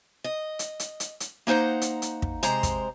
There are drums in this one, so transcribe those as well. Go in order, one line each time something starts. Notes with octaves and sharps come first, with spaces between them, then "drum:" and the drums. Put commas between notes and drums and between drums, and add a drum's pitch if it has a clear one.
D#5
drum: hi-hat
drum: hi-hat
drum: hi-hat
drum: hi-hat
A#3 D#4 C5 F#5 A#5
drum: hi-hat
drum: hi-hat
drum: kick
C3 G#3 C5 A#5, drum: hi-hat
drum: kick, hi-hat